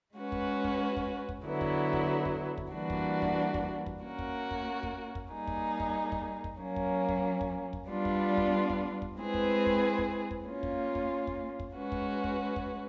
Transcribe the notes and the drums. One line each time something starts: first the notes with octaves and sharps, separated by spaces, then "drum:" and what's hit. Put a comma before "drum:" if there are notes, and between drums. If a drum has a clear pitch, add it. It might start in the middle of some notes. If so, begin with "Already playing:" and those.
G#3 C#4 F#4 B4
drum: kick
drum: kick
drum: kick
drum: kick
D3 F#3 B3 E4
drum: kick
drum: kick
drum: kick
drum: kick
E3 G3 A#3 D4 F#4
drum: kick
drum: kick
drum: kick
drum: kick
A#3 C#4 F#4 A#4
drum: kick
drum: kick
drum: kick
drum: kick
G3 A#3 D#4 G#4
drum: kick
drum: kick
drum: kick
drum: kick
F#3 A#3 C#4
drum: kick
drum: kick
drum: kick
drum: kick
G3 B3 D4 F4
drum: kick
drum: kick
drum: kick
drum: kick
G#3 C4 E4 G#4 B4
drum: kick
drum: kick
drum: kick
drum: kick
A#3 C#4 F4
drum: kick
drum: kick
drum: kick
drum: kick
G#3 C#4 F#4 B4
drum: kick
drum: kick
drum: kick